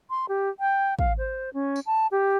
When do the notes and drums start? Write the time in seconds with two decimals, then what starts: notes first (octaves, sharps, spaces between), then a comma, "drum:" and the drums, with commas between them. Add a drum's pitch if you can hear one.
0.10 C6
0.29 G4
0.60 G5
0.99 F5, drum: kick
1.18 C5
1.54 C#4
1.76 drum: tambourine
1.86 A5
2.11 G4